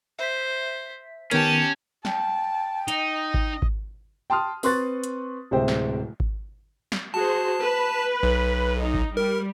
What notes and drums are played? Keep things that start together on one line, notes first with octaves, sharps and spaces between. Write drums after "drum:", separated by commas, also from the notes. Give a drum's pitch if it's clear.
C5 E5 B6
D#3 B3 C#4 G4 A#4 A5, drum: hi-hat
G5 A5, drum: snare
D#4 D#5, drum: hi-hat
drum: kick G#1
drum: kick G#1
G5 A5 C6 D#6 F6
C4 B4 C6 C#6 F#6 A6, drum: open hi-hat
drum: hi-hat
D1 C3 G#3 C5 E5 G5
drum: snare
drum: kick G#1
drum: snare
F#4 G#4 C5 A5
B4
B1
D#4
drum: kick G#1
G3 A#4